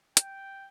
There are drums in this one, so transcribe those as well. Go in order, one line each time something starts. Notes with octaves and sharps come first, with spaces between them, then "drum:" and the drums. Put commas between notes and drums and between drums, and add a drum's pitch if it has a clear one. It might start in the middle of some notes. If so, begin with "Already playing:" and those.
G5, drum: hi-hat